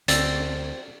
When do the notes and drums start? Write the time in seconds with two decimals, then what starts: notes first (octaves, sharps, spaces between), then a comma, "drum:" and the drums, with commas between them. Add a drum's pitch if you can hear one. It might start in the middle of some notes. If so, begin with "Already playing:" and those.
0.08 D2 C4 D5 E6 A6, drum: hi-hat